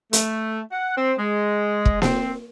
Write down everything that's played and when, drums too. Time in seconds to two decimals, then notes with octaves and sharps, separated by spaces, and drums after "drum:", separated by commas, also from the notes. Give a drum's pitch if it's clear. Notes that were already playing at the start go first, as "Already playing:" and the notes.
0.13 A3, drum: hi-hat
0.72 F#5
0.97 C4
1.19 G#3
1.85 drum: kick
2.02 C4, drum: snare A#3